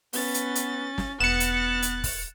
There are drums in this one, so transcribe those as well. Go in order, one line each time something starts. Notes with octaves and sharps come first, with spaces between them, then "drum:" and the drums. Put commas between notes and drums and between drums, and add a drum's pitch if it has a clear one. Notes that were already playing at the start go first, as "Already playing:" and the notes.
B3 C#4 A6, drum: open hi-hat
drum: hi-hat
drum: hi-hat
drum: snare
E1 B3 F#6 A6 C#7 E7
drum: hi-hat
drum: hi-hat
drum: kick F1, open hi-hat